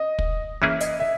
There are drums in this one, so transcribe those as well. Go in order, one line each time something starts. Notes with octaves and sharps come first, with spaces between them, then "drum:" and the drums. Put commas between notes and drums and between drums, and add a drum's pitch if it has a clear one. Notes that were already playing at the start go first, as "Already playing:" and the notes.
Already playing: D#5
drum: kick
E3 A#3 C#4 E4 G#4 E5
D#5, drum: hi-hat
E5